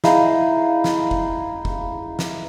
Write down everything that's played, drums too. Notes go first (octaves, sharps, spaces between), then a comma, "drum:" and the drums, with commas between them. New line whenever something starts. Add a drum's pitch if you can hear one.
D#4 E4 G#4 F5, drum: snare
drum: snare
drum: kick
drum: kick
drum: snare